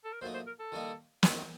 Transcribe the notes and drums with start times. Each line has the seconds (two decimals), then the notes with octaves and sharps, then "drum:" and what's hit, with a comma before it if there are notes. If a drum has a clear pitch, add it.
0.04 A4
0.13 A#4
0.21 A#2 F#3 A3 D#4 C5
0.34 C5
0.47 A#4
0.59 A4
0.72 D#3 G3 A#3 D#4
1.23 F#2 D#3 F#3 A3 C4, drum: snare